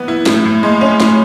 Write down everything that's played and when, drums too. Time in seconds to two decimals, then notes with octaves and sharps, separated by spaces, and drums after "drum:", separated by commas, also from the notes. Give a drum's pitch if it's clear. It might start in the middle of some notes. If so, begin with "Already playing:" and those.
Already playing: E3 B3 B4
0.08 E4
0.26 A2, drum: snare
0.45 A2
0.63 G#3
0.81 C#4
1.00 A2, drum: snare